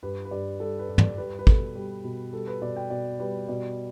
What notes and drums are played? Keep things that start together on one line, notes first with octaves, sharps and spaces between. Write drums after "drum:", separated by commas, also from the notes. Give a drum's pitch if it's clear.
G2 B4
B4
G2 D5
G3 A4
B4
G2
D5, drum: tom
G3 B4
B4
B2 A4, drum: kick
G3
B2
G3 A4
B4
B2 D5
G5
B2 D5
G3 B4
B2 D5